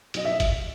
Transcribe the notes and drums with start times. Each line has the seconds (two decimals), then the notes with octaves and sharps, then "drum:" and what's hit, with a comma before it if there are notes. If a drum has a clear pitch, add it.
0.14 B1 D#5, drum: hi-hat
0.25 E5
0.40 drum: kick G1, hi-hat